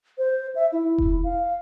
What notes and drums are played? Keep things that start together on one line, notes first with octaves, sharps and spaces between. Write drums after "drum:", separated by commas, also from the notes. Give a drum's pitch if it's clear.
C5
E5
E4
drum: kick E1
F5